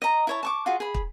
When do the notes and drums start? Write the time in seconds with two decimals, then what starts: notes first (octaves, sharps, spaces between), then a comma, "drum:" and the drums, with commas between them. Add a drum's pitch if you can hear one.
0.02 D#5 A#5
0.27 E4 C#5 A5
0.43 A5 C#6 D6
0.66 F4 F#4 G#4
0.80 G#4 B5
0.94 drum: kick